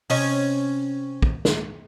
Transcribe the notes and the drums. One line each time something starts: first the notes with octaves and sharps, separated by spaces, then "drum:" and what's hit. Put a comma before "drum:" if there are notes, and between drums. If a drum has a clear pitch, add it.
C3 C#4 D#5, drum: open hi-hat
drum: kick
drum: snare